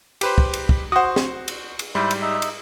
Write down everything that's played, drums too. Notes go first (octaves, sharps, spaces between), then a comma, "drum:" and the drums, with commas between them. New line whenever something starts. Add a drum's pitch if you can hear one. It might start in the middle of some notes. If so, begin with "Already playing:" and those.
G4 B4 C5, drum: cymbal
drum: kick
drum: cymbal
drum: kick
F#4 C5 F#5 D#6
drum: snare
drum: cymbal
drum: cymbal
G#2 G3 E4 C5
drum: cymbal
D#4 E5
drum: cymbal